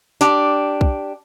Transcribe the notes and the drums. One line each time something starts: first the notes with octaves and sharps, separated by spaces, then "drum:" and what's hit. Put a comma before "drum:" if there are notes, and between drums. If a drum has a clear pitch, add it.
D4 G4, drum: snare
drum: kick B1